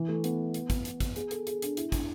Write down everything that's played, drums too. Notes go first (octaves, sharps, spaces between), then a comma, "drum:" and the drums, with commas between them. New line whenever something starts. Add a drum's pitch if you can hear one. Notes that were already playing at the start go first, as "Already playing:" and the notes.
Already playing: E3
A3
B3, drum: hi-hat
drum: hi-hat
drum: kick, hi-hat
drum: hi-hat
drum: kick, hi-hat
G#4, drum: hi-hat
A4, drum: hi-hat
G#4, drum: hi-hat
D4, drum: hi-hat
E4, drum: hi-hat
D4, drum: kick, hi-hat